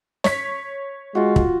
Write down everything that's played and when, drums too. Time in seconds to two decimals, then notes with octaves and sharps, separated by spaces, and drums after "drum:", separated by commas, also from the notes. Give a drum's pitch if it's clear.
0.24 C#5 B6, drum: snare
1.15 G#3 F4 F#4
1.36 drum: kick